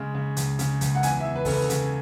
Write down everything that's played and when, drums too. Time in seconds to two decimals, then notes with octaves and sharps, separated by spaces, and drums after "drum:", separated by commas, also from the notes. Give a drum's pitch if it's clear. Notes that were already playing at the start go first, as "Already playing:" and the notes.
Already playing: C#3 G#3
0.15 C#3
0.37 C#2, drum: hi-hat
0.59 C#3, drum: hi-hat
0.81 C#2, drum: kick, hi-hat
0.95 F#5
1.03 E2 G#5, drum: hi-hat
1.20 E2 E5
1.36 B4
1.45 C#3 A4, drum: kick, open hi-hat
1.53 B4
1.70 C#3, drum: hi-hat